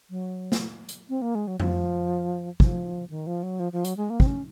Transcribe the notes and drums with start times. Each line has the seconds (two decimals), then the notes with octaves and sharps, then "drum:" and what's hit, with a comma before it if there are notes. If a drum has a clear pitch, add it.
0.10 F#3
0.52 drum: snare
0.89 drum: hi-hat
1.09 C4
1.22 A#3
1.35 G#3
1.47 F#3
1.60 F3, drum: tom F2
2.60 F3, drum: kick
3.10 D#3
3.27 F3
3.43 F#3
3.60 F3
3.72 F3
3.85 F#3, drum: hi-hat
3.97 G#3
4.10 A#3
4.20 C4, drum: kick
4.26 C#4